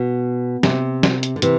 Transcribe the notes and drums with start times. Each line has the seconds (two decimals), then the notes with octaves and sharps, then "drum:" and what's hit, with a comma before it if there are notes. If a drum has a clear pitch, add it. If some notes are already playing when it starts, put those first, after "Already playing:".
Already playing: B2
0.63 C3, drum: snare
1.03 drum: snare
1.23 drum: hi-hat
1.36 D3
1.42 C3 E3, drum: hi-hat